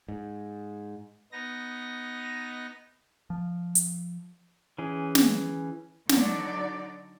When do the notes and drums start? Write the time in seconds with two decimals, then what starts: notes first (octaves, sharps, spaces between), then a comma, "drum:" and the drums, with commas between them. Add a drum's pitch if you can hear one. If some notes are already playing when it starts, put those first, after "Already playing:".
0.08 G#2
1.32 B3 D#4 A#6
3.30 F3
3.75 drum: hi-hat
4.78 E3 C#4 G#4
5.15 drum: snare
6.09 D3 F#3 D#4 D5, drum: snare